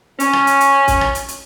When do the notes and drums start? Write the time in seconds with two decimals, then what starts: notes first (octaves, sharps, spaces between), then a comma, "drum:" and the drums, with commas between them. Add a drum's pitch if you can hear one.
0.20 C#4, drum: hi-hat
0.33 drum: rim click
0.47 drum: hi-hat
0.60 drum: hi-hat
0.88 drum: kick, hi-hat
1.01 drum: rim click
1.15 drum: hi-hat
1.28 drum: hi-hat